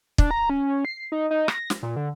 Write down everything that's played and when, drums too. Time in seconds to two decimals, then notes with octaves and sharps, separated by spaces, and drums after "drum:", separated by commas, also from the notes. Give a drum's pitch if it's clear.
0.18 D4, drum: kick
0.31 A#5
0.50 C#4
0.85 C7
1.12 D#4
1.31 D#4
1.48 A#6, drum: rim click
1.70 drum: snare
1.83 A#2
1.96 D3